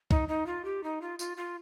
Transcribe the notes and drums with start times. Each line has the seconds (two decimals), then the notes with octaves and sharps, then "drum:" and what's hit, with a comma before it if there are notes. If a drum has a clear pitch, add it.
0.11 D#4, drum: kick C2
0.28 D#4
0.46 F4
0.65 G4
0.84 D#4
1.02 F4
1.19 F4, drum: tambourine
1.37 F4